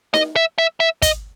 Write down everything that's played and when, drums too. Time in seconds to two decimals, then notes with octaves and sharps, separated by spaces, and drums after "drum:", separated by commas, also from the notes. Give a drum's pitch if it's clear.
0.14 D#5, drum: snare D#4
0.36 E5
0.58 E5
0.80 E5
1.02 D#5, drum: kick, hi-hat